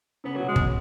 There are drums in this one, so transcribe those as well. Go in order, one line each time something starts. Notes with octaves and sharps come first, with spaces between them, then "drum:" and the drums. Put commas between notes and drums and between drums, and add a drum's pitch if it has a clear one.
C#3 B3
B2 F#3
G#3
B2, drum: kick